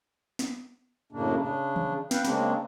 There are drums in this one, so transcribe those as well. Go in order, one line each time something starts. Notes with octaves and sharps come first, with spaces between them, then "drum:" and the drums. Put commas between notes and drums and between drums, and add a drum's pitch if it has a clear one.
drum: snare
F#2 A2 C#3 A#3 D4
C#3 D4
drum: tom D#3
B4 F5 G5, drum: snare
C#3 G#3 A#3 C4 D4, drum: snare